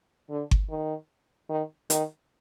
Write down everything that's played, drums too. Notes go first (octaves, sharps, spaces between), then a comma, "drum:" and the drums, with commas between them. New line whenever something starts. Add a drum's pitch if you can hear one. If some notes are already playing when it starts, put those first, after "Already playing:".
D3
drum: kick G1
D#3
D#3
D#3, drum: hi-hat